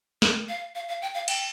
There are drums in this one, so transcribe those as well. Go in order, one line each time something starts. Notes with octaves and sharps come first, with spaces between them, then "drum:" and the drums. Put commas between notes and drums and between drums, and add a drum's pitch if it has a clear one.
A#4, drum: snare
F5
F5
F5
G5
F5
G5, drum: cymbal